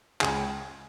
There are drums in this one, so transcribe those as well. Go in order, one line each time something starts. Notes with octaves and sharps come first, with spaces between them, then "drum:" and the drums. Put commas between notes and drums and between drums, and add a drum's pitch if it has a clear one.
C#2 C#3 G#5, drum: clap